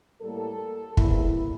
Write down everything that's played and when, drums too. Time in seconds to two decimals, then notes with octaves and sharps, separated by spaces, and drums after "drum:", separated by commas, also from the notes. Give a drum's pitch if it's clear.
0.22 A2 G3 A#3 A4
0.97 E2 C3 G3 A#3 E4, drum: kick